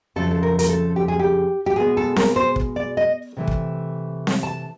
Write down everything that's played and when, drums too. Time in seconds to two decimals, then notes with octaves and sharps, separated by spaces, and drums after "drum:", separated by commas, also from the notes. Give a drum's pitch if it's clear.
0.16 F2 C#3 F3 A3 A4
0.31 A4
0.43 A#4
0.59 A#4, drum: hi-hat
0.69 A4
0.96 G4
1.08 G#4
1.19 G4
1.66 G4
1.76 B2 G#3 B3 G#4
1.97 A4
2.16 A#4, drum: snare C4
2.36 C5
2.56 drum: kick
2.76 D5
2.97 D#5
3.37 C3 E3 A3
3.48 drum: kick
4.27 drum: snare C4
4.43 A5